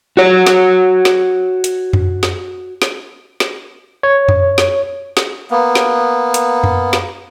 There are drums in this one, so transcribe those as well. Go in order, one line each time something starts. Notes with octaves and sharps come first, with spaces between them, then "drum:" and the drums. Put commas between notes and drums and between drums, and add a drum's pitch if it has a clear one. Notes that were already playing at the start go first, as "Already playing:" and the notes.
F#4 C#5
drum: snare
drum: snare
drum: hi-hat
drum: tom F2
drum: snare
drum: snare
drum: snare
C#5
drum: tom F2
drum: snare
drum: snare
A#3 B3
drum: snare
drum: hi-hat
drum: tom F2
drum: snare